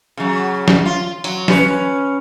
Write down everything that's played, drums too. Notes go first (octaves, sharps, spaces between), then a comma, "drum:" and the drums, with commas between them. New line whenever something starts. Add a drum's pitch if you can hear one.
C#3 F#3
drum: snare
F4
F#3, drum: hi-hat
C#4 B4, drum: snare